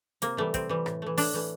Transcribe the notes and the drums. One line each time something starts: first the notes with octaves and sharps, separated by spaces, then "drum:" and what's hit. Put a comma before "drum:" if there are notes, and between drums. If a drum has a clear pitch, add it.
C3 A#3, drum: hi-hat
E3 G3 A3
C3 C4, drum: kick, hi-hat
E3 G3
A2, drum: rim click
E3 A3
A2 D4, drum: open hi-hat
E3 A3